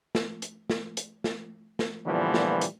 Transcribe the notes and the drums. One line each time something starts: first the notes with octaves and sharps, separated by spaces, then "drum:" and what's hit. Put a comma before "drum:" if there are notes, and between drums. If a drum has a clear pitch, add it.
drum: snare
drum: hi-hat
drum: snare
drum: hi-hat
drum: snare
drum: snare
A#2 D3 E3 F3 G3 B3
drum: snare
drum: hi-hat